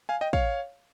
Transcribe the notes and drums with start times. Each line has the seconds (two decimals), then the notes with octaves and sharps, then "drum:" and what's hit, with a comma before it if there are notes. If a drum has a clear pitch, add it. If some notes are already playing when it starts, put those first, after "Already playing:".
0.09 F5 G#5
0.21 D#5 G5
0.33 C#5 F5, drum: kick